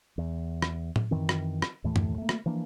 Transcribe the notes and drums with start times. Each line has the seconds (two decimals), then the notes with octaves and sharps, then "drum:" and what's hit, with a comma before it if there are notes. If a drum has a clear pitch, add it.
0.18 E2
0.62 drum: rim click
0.96 drum: tom A2
1.11 F#2 D#3 E3 C4
1.29 drum: rim click
1.62 drum: rim click
1.84 D#2 A2 E3 A3
1.96 drum: tom F#2
2.18 A3 A#3
2.29 drum: rim click
2.46 E3 F3 A#3 D4